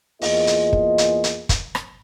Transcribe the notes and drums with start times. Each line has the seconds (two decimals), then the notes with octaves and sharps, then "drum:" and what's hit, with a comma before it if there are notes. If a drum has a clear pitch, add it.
0.22 E2 A#3 F4 G#4 D#5, drum: open hi-hat
0.47 drum: hi-hat
0.73 drum: kick
0.98 drum: hi-hat
1.24 drum: hi-hat
1.49 drum: kick, hi-hat
1.75 drum: rim click